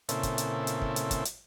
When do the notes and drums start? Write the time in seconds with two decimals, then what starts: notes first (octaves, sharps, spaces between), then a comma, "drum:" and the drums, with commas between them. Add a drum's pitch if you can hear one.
0.09 A#2 C#3 C4 E4 A4, drum: hi-hat
0.23 drum: kick, hi-hat
0.38 drum: hi-hat
0.67 drum: hi-hat
0.82 drum: kick
0.96 drum: hi-hat
1.11 drum: kick, hi-hat
1.25 drum: hi-hat